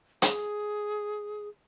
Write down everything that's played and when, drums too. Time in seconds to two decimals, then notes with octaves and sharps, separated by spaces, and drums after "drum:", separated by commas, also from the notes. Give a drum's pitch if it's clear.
0.22 G#4, drum: hi-hat